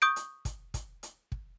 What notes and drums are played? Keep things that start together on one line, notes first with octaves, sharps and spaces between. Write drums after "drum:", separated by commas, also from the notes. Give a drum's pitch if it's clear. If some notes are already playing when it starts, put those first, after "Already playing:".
C#6 D#6 G6 D7
drum: hi-hat
drum: kick, hi-hat
drum: kick, hi-hat
drum: hi-hat
drum: kick